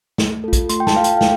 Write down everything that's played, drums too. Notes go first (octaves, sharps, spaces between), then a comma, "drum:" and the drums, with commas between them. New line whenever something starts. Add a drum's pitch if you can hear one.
A3, drum: snare
F4 A4
drum: kick A#1, hi-hat
A3 C6, drum: hi-hat
G5
A5, drum: snare
F4 A4 F5
G5, drum: hi-hat
F5
A3 G5, drum: snare